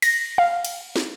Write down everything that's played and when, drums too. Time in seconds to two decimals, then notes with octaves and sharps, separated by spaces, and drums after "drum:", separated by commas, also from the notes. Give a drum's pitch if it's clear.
0.02 A#6, drum: cymbal
0.38 F5
0.65 drum: cymbal
0.96 drum: snare